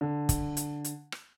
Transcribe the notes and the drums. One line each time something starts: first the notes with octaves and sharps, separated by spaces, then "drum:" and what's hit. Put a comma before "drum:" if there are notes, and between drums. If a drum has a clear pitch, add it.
D3
drum: kick, hi-hat
drum: hi-hat
drum: hi-hat
drum: rim click